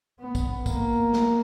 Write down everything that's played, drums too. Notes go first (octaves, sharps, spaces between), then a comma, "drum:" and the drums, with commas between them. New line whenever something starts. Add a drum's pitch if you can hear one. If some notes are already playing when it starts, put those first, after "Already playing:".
B3
drum: kick, tambourine
A#3, drum: kick, tambourine
drum: snare